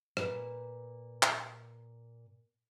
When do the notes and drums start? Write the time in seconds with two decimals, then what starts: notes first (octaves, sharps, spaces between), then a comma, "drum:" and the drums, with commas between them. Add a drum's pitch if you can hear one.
0.17 A#2 B4, drum: rim click
1.23 drum: clap